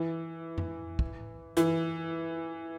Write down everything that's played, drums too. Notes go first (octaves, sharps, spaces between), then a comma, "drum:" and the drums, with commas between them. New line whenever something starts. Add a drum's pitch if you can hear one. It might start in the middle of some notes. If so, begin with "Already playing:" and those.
Already playing: E3
drum: tom F2
drum: kick
E3, drum: hi-hat